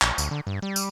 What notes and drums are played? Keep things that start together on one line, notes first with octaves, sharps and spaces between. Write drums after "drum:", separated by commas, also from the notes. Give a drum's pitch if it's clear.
A#1, drum: clap
D2, drum: tambourine
D3
G2
G3
drum: tambourine